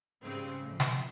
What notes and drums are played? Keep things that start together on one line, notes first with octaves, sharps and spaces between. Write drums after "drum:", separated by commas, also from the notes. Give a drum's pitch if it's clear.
G#2 C#3 G3 C4
F2 A2
drum: snare